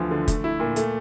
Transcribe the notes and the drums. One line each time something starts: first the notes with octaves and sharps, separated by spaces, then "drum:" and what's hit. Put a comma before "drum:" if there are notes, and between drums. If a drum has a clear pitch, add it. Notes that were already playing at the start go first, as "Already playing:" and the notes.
Already playing: D2 E3 F3
D3
A3, drum: kick F1, hi-hat
E4
A#2
A3, drum: hi-hat